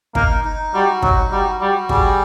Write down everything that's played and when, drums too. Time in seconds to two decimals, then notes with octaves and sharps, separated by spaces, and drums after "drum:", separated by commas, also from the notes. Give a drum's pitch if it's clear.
0.15 A#3 D#4, drum: kick
0.45 D#4
0.74 G3 F#4
1.02 F#3 D#4, drum: kick
1.32 G3 F#4
1.60 G3 F#4
1.89 G3 G#4, drum: kick